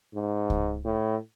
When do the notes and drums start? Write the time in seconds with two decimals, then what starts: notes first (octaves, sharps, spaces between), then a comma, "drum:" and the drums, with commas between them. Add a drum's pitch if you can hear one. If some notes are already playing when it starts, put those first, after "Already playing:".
0.14 G#2
0.50 drum: kick C#2
0.85 A2